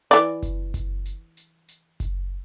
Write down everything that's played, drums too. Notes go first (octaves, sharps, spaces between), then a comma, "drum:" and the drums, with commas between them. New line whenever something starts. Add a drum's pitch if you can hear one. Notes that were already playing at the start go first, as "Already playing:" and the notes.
E3 D5, drum: hi-hat
drum: kick F#1, hi-hat
drum: kick F#1, hi-hat
drum: hi-hat
drum: hi-hat
drum: hi-hat
drum: kick F#1, hi-hat